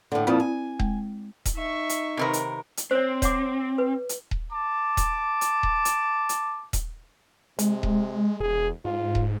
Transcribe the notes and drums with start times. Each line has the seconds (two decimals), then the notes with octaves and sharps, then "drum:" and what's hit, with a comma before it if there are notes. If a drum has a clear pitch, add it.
0.12 A2 D3
0.27 F2 A#2 F3 C4 E4
0.40 G#5
0.80 G#3, drum: kick D#1
1.45 drum: kick D#1, hi-hat
1.56 D#4 E5 C#6
1.89 drum: hi-hat
2.17 C3 D#3 A#3 C4 A#4 B4
2.33 drum: hi-hat
2.77 drum: hi-hat
2.91 C4 C5 C#5
3.22 C#5 F#5 D6, drum: kick D#1, hi-hat
3.78 B4
4.09 drum: hi-hat
4.31 drum: kick D#1
4.52 A5 D6
4.97 drum: kick D#1, hi-hat
5.41 drum: hi-hat
5.63 drum: kick D#1
5.85 drum: hi-hat
6.29 drum: hi-hat
6.73 drum: kick D#1, hi-hat
7.59 C3 G#3, drum: hi-hat
7.83 drum: kick D#1
8.40 E1 G#4
8.85 G#2 F4
9.15 drum: kick D#1